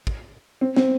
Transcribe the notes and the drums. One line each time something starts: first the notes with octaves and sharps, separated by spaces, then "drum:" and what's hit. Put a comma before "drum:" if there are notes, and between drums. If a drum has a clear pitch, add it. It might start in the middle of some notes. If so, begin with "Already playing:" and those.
drum: kick
C4
C4, drum: snare